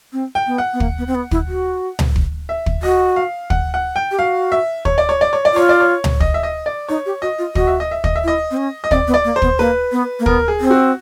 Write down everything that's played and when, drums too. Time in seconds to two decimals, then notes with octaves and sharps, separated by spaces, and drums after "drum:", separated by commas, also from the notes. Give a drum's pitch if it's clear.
0.12 C4
0.35 G5
0.47 B3
0.58 F#5
0.73 B3
0.80 A#3, drum: kick
0.98 B3
1.07 C4
1.15 B3
1.31 E4, drum: kick
1.48 F#4
1.99 drum: tom C#2
2.16 drum: kick
2.49 E5
2.66 drum: kick
2.83 F#4 D#5
3.16 F5
3.50 F#5, drum: kick
3.74 F#5
3.96 G5
4.11 G4
4.19 F#4 F5
4.52 E5
4.85 C#5, drum: kick
4.98 D5
5.09 C#5
5.21 D5
5.33 C#5
5.45 D5
5.53 F4 C#5
5.69 D5
5.80 C#5
6.04 drum: tom C#2
6.20 D#5, drum: kick
6.34 E5
6.43 D#5
6.66 D5
6.88 D#4 C#5
7.06 G4
7.22 F#4 D#5
7.38 F4
7.55 F#4 D#5, drum: kick
7.67 E5
7.80 D#5
7.91 E5
8.04 D#5, drum: kick
8.16 E5
8.24 E4 D#5
8.51 C4
8.57 C#4
8.84 D#5
8.91 C4 D5, drum: kick
9.07 B3
9.14 D5
9.24 A#3
9.36 C5
9.42 B3, drum: kick
9.59 A#3 B4
9.92 B3
10.19 A#3
10.26 B3 A#4, drum: kick
10.48 G#4
10.60 C4
10.71 F#4